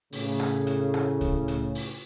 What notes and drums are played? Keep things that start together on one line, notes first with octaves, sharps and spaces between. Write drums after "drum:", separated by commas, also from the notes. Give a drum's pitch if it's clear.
A2 C#3, drum: open hi-hat
drum: rim click
drum: hi-hat
drum: rim click
drum: kick C#2, hi-hat
drum: hi-hat
drum: open hi-hat